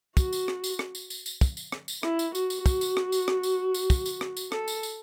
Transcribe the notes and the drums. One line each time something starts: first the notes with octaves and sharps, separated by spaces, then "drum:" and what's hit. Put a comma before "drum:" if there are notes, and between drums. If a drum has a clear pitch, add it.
F#4, drum: kick, tambourine
drum: tambourine
drum: rim click
drum: tambourine
drum: rim click
drum: tambourine
drum: tambourine
drum: tambourine
drum: kick, tambourine
drum: tambourine
drum: rim click
drum: tambourine
E4, drum: rim click
drum: tambourine
F#4, drum: tambourine
drum: tambourine
F#4, drum: kick, tambourine
drum: tambourine
drum: rim click
drum: tambourine
drum: rim click
drum: tambourine
drum: tambourine
drum: kick, tambourine
drum: tambourine
drum: rim click
drum: tambourine
A4, drum: rim click
drum: tambourine
drum: tambourine